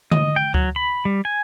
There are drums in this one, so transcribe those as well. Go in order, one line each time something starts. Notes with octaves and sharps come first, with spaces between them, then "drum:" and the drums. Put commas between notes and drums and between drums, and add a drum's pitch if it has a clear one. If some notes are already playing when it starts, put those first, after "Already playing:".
D#5, drum: tom D3
G5
F#3, drum: kick D2
B5
G3
G#5